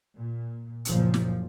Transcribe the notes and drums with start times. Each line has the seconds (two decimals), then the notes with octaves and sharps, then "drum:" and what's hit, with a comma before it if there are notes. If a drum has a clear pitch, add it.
0.17 A#2
0.85 F#1 A#2 F3, drum: hi-hat
1.14 drum: snare